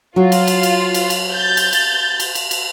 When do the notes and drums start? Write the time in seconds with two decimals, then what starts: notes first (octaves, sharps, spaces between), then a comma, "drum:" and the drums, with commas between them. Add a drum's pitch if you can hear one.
0.16 F#3 F4 F#4
0.32 drum: cymbal
0.48 drum: cymbal
0.63 drum: cymbal
0.94 drum: cymbal
1.10 drum: cymbal
1.31 G6 A6
1.57 drum: cymbal
1.73 drum: cymbal
2.20 drum: cymbal
2.35 drum: cymbal
2.51 drum: cymbal